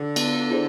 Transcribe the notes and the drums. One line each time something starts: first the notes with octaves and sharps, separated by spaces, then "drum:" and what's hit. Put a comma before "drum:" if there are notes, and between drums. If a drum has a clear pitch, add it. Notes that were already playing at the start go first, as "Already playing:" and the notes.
Already playing: D3
B3, drum: cymbal
E4 G#4 C5